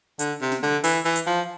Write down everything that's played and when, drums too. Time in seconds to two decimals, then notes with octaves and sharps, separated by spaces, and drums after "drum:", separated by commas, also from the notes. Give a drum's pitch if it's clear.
0.19 D3, drum: hi-hat
0.41 C3
0.52 drum: snare
0.62 D3
0.84 E3, drum: open hi-hat
1.05 E3
1.16 drum: hi-hat
1.26 F3